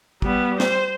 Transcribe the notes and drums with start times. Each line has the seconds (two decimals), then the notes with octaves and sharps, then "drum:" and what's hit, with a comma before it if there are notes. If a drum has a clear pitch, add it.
0.22 G3 B3, drum: kick
0.60 C5, drum: snare